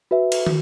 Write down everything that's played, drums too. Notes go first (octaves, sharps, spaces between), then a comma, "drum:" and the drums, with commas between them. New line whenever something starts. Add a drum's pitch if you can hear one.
F#4 B4 E5
drum: cymbal
F#4, drum: tom